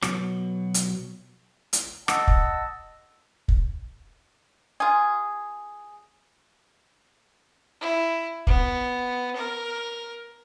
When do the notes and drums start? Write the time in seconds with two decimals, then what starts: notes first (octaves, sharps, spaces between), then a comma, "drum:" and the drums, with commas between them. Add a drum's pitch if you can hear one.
0.02 B2 F#3, drum: rim click
0.74 drum: hi-hat
1.73 drum: hi-hat
2.08 D#5 F#5 A5 E6, drum: rim click
2.27 drum: kick
3.48 drum: kick
4.80 F4 G#4
7.81 E4
8.47 B3, drum: kick
9.36 A#4